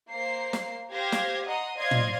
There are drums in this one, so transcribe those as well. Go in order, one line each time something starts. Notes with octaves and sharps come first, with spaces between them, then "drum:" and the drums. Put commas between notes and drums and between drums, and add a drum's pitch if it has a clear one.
A#3 C5 C7
drum: snare
G4 C5 F5 G#6 A#6
drum: snare
D#5 F#5 A#5 C6 D#6
C5 D5 D#5 F5 C6 G#6
drum: tom